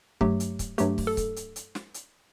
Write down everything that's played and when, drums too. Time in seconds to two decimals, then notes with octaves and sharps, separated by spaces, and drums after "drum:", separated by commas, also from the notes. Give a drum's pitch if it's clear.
0.21 G2 F#3 A3 G4, drum: kick
0.40 drum: hi-hat
0.59 drum: kick, hi-hat
0.78 G2 F#3 A3 G4, drum: hi-hat
0.98 drum: kick, open hi-hat
1.07 A4
1.17 drum: kick, hi-hat
1.36 drum: hi-hat
1.56 drum: hi-hat
1.75 drum: snare
1.94 drum: hi-hat